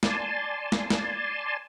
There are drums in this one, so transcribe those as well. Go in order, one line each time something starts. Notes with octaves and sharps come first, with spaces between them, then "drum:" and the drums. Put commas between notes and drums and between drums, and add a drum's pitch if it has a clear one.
D5 G#5 A5 C6, drum: snare
drum: snare
drum: snare